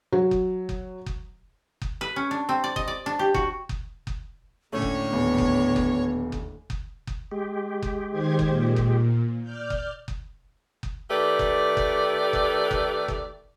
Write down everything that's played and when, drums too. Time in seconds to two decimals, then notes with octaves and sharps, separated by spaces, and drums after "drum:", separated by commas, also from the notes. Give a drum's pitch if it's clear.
0.12 F#3
0.31 drum: kick F#1
0.69 drum: kick F#1
1.06 drum: kick F#1
1.82 drum: kick F#1
2.01 B4
2.16 C#4
2.31 D4
2.49 C4
2.64 D5
2.76 D#5, drum: kick F#1
2.88 D5
3.06 D4
3.19 G4
3.34 F#4, drum: kick F#1
3.69 drum: kick F#1
4.07 drum: kick F#1
4.72 A2 D3 A3 A#3 C#4 C#5
4.82 drum: kick F#1
5.13 D#1 B3
5.38 drum: kick F#1
5.76 drum: kick F#1
6.32 drum: kick F#1
6.70 drum: kick F#1
7.07 drum: kick F#1
7.31 G#3 G4
7.82 drum: kick F#1
8.11 D#3 C5 G#6
8.39 drum: kick F#1
8.48 A#2
8.76 drum: kick F#1
9.41 D5 F6 G6
9.70 drum: kick F#1
10.08 drum: kick F#1
10.83 drum: kick F#1
11.11 D#3 A3 G4 B4 D5
11.39 drum: kick F#1
11.77 drum: kick F#1
12.33 drum: kick F#1
12.71 drum: kick F#1
13.08 drum: kick F#1